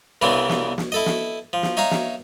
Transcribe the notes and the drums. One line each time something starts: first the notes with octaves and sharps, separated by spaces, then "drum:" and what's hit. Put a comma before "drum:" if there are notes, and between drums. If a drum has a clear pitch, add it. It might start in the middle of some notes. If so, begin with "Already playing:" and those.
C2 C#3 E3 B3 C4 D4
drum: snare
drum: snare
E4 A4 D#5
drum: snare
F3
drum: snare
D#4 C#5 E5 F5 A#5
drum: snare